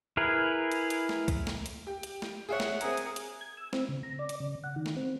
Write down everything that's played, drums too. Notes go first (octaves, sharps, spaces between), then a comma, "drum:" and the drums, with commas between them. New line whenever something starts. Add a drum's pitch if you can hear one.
E4 G#4 A#4 B4
drum: hi-hat
drum: hi-hat
drum: snare
drum: kick C2, hi-hat
drum: snare
drum: hi-hat
G4
drum: hi-hat
drum: snare
G#4 C#5 E5 F#5
drum: snare
C4 G#4 A#4, drum: hi-hat
drum: hi-hat
drum: hi-hat
G#6
E6
C4, drum: snare
C#3
A#5
D5
drum: hi-hat
C#3
F#5
D#3
drum: snare
C4